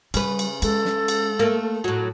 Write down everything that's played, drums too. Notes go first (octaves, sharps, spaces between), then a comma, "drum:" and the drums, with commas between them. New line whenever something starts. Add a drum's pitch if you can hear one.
C#3 G3 B4, drum: cymbal
drum: cymbal
G#3 A4, drum: cymbal
drum: snare
drum: cymbal
A3 A#3
A2 F#3